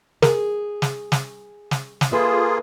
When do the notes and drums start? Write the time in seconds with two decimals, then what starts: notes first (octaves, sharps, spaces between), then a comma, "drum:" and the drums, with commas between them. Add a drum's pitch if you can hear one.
0.22 G#4 A#4, drum: snare
0.82 drum: snare
1.12 drum: snare
1.71 drum: snare
2.01 drum: snare
2.12 A#3 F4 G#4 A4 B4 E5